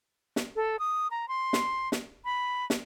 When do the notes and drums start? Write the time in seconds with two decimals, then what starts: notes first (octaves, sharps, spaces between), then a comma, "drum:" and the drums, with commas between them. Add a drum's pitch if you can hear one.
0.36 drum: snare
0.56 A4
0.79 D#6
1.11 A#5
1.28 C6
1.53 drum: snare
1.92 drum: snare
2.25 B5
2.70 drum: snare